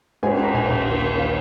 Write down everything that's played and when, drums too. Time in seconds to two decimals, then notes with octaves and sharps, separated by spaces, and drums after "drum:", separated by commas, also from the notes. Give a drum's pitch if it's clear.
0.23 G#2 G#5, drum: cymbal
0.38 G#2
0.43 A#5
0.54 A#1 G#5
0.70 A#1
0.86 D#2
1.02 D#2
1.18 D#3 F5